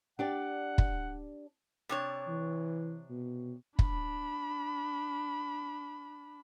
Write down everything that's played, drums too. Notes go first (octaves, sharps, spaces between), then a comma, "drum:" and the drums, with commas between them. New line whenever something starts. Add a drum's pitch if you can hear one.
D4 G4 D5 F#5
drum: kick
C3 D4 C#5
E3
B2
D4 B5, drum: kick